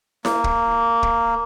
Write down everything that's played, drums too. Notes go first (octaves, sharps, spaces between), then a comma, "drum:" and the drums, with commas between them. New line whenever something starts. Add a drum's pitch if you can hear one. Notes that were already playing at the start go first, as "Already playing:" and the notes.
A#3, drum: snare E4
drum: kick
drum: kick